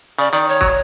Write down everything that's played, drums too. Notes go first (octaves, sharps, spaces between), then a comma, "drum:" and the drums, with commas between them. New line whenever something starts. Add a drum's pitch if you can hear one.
C#3 D5
D#3 D5, drum: hi-hat
C#5
F#3, drum: kick, hi-hat